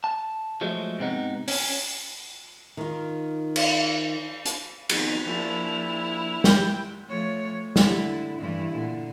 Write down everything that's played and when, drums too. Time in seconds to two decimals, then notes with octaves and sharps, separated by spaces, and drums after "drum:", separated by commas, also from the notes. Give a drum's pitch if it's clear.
0.04 A5
0.61 F3 F#3 G#3 A3
0.99 G#2 C3 B3 D#4
1.48 C#4, drum: open hi-hat
2.77 D#3 F4
3.56 drum: cymbal
4.46 drum: hi-hat
4.89 F2 B2 D#3 F7, drum: cymbal
5.26 F3 A#3 D4 E4
6.44 G5, drum: snare
7.08 F3 A3 C#5
7.76 D3 E4, drum: snare
8.40 G2 E3 E4
8.73 A#2 D3